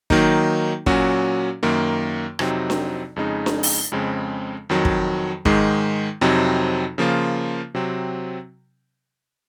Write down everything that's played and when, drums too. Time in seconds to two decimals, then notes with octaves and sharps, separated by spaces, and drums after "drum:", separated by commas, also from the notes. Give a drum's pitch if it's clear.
0.10 D#3 F#3 A#3 D#4, drum: kick
0.86 A#2 F#3 C#4 F#4, drum: kick
1.63 F#2 D#3 A#3
2.39 F2 C3 F#3 C4 D#4, drum: rim click
2.70 drum: snare D4
3.16 F2 C#3 G#3 D#4
3.46 drum: snare D4
3.63 drum: open hi-hat
3.92 F2 C#3 G#3 C4
4.69 F2 D#3 F#3
4.85 drum: kick
5.45 G#2 D#3 G#3, drum: kick
6.21 F2 C3 F#3 C4 D#4
6.98 C#3 F3 A#3 F4
7.75 C3 F#3 C4